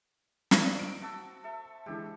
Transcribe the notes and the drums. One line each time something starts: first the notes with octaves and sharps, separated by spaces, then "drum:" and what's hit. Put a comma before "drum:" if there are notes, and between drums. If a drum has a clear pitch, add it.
D#3 F#3 A#3 C4 D4 D#4, drum: snare
D7
F#4 A5 E6
A4 E5
D3 E3 G#3 G4